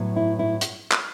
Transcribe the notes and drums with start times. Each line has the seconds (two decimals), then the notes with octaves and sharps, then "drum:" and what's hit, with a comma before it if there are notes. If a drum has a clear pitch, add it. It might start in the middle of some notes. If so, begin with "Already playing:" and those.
Already playing: A2 F#3 B3
0.16 E4
0.39 E4
0.61 drum: hi-hat
0.91 drum: clap